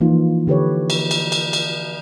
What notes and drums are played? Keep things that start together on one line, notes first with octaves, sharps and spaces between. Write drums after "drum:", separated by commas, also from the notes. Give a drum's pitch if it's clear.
E3 F3 A#3 D#4 F4
D3 G4 B4 C#5
drum: cymbal
drum: cymbal
drum: cymbal
drum: cymbal